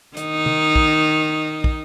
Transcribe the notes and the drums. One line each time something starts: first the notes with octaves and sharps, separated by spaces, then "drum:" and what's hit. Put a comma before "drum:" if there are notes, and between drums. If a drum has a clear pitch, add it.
D#3 D#4, drum: hi-hat
drum: tom
drum: kick
drum: kick